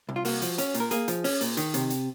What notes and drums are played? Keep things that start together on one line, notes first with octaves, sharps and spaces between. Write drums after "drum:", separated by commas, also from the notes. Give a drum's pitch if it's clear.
C2
F4
A#3 F#4, drum: open hi-hat
F3, drum: hi-hat
C#4, drum: hi-hat
A#2, drum: hi-hat
A#4
A#3 G#4, drum: hi-hat
F3, drum: hi-hat
C#4, drum: open hi-hat
A#2, drum: hi-hat
D#3, drum: hi-hat
C3, drum: hi-hat
drum: hi-hat